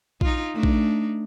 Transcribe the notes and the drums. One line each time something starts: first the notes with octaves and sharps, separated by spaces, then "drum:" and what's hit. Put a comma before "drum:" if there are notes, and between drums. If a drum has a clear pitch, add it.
D#4 F4, drum: kick A#1
A3 D4 D#4
drum: kick A#1